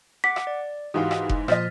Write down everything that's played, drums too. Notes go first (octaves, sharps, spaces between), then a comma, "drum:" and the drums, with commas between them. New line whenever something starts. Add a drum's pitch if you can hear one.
F#5 D6 B6
drum: rim click
D5
G#2 E3 F#4 G4 F5 F#5 D#6
drum: rim click
drum: kick F1
A#2 F3 C5 D#5 F6 A6 B6, drum: rim click